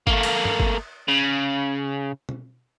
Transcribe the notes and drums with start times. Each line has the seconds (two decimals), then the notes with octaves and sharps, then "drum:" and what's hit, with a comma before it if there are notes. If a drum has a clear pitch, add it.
0.07 A3 A#3, drum: kick G1
0.23 drum: cymbal
0.45 drum: tom
0.60 drum: kick G1
1.08 C#3
2.29 drum: tom B2